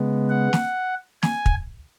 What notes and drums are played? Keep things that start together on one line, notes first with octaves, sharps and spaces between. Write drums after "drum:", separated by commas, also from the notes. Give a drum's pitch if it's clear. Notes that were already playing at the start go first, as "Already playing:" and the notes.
Already playing: C#3 G#3 B3
F#5
drum: snare
G#5, drum: snare
drum: kick